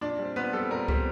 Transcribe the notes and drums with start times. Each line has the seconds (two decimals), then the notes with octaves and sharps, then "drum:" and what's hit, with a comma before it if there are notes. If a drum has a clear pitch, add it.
0.01 A#2 D4 D5
0.19 G3 C4
0.36 A#2 B3 B4
0.53 G3 C4 A4
0.71 A#2 A#4
0.88 G3 C4, drum: kick C#2